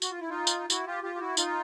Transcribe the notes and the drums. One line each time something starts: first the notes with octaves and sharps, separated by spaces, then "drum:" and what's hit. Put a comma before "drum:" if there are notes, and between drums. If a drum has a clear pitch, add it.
F#4, drum: tambourine
F4
E4
D#4 F4
drum: tambourine
E4 F#4, drum: tambourine
F4 G4
F4 G4
G4
E4 F#4
D#4 F4, drum: tambourine